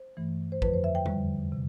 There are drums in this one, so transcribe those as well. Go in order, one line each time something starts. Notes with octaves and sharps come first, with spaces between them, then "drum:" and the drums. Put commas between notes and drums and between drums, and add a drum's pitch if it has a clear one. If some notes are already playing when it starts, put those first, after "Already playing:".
Already playing: C5
G2 E3 A3
C5
F2 D3 F3 B4, drum: kick
C5
E5
G5
E2 D3 G3, drum: tom
C3